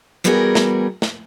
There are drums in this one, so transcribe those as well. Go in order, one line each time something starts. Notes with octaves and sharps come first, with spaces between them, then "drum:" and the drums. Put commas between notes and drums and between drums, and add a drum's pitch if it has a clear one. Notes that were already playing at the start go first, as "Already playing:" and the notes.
E3 G3 B3 F#4 G#4 A#4
drum: snare
drum: snare